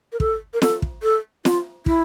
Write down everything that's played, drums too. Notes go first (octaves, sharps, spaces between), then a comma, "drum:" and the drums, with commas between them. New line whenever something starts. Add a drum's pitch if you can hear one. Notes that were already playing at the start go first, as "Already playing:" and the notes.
A#4
A4, drum: kick
A#4
A4, drum: snare
drum: kick
A4
F4, drum: snare
E4, drum: kick